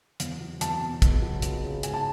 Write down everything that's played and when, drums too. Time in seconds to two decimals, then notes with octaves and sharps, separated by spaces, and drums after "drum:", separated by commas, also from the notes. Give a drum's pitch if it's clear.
0.20 E2, drum: hi-hat
0.41 F#3
0.61 E2 A5, drum: hi-hat
0.82 B2
1.02 C#2, drum: kick, hi-hat
1.22 F#3
1.42 C#2, drum: hi-hat
1.63 C#3
1.83 G#2 G#5, drum: hi-hat
1.94 A5